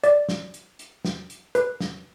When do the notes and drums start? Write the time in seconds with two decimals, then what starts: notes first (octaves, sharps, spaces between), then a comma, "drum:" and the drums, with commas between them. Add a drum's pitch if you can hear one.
0.04 D5, drum: hi-hat
0.29 drum: snare
0.54 drum: hi-hat
0.79 drum: hi-hat
1.05 drum: snare
1.30 drum: hi-hat
1.55 B4, drum: hi-hat
1.81 drum: snare